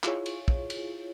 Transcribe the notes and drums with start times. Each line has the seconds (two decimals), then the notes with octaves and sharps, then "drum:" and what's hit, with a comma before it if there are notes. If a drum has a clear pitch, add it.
0.04 E4 F4 G#4 C#5, drum: clap
0.26 drum: cymbal
0.48 drum: kick
0.70 drum: cymbal